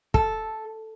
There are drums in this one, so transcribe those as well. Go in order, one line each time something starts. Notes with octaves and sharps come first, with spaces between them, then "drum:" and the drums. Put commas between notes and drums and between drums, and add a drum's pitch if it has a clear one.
A4, drum: kick